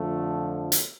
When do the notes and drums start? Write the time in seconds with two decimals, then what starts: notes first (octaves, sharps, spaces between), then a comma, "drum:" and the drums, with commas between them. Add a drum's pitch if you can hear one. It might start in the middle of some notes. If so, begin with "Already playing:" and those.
Already playing: F2 D3 F3 A3
0.72 drum: hi-hat